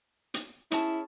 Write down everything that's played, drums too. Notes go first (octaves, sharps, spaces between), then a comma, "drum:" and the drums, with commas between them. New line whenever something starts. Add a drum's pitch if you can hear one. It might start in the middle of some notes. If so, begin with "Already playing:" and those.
drum: hi-hat
C#4 E4 G#4 A5, drum: hi-hat